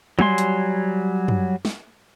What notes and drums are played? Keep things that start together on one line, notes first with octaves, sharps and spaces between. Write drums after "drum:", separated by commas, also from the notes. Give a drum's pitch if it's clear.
F#3 G3 G#5 C6, drum: tom F#3
drum: hi-hat
drum: tom F#2
drum: snare